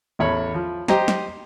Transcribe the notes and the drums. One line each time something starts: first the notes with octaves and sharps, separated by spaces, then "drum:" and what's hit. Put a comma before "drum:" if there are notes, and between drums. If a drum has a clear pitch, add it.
A1 E2 C#5 B5
F3
G4 C5 D#5 A#5, drum: snare
drum: snare